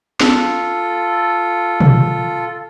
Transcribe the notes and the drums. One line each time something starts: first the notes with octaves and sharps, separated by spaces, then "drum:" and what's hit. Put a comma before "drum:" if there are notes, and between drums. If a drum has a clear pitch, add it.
F4 A4, drum: snare B3
drum: tom